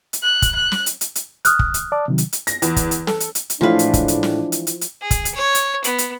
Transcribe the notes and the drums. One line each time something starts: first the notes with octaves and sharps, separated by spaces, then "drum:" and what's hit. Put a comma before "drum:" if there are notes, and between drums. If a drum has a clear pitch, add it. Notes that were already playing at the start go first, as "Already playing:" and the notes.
drum: hi-hat
F#6
drum: kick, hi-hat
F#6
drum: snare
drum: hi-hat
drum: hi-hat
drum: hi-hat
D#6 F6 F#6, drum: hi-hat
drum: kick
drum: hi-hat
D5 A5 D6
C3 D#3 F#3
drum: hi-hat
drum: hi-hat
A#6, drum: hi-hat
E2, drum: hi-hat
drum: kick, hi-hat
drum: hi-hat
A4, drum: snare
drum: hi-hat
drum: hi-hat
drum: hi-hat
A2 E3 F3 G#3 D4 B4 F5
drum: hi-hat
drum: kick, hi-hat
drum: hi-hat
drum: snare
drum: hi-hat
drum: hi-hat
drum: hi-hat
G#4
drum: kick, hi-hat
drum: hi-hat
C#5
drum: hi-hat
B3, drum: hi-hat
drum: hi-hat